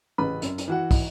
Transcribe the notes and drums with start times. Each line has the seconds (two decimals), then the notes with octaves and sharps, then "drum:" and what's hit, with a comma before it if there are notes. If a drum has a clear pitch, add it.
0.18 A1 C#3 B4 B5
0.42 F#2, drum: hi-hat
0.58 drum: hi-hat
0.68 E3 F#4 F#5
0.91 drum: kick, open hi-hat